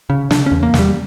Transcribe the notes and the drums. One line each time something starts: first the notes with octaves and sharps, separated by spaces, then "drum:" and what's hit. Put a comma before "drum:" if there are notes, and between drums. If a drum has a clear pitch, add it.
C#3
C#3 D4, drum: snare
E2 C#4
A#3
E2, drum: snare
G3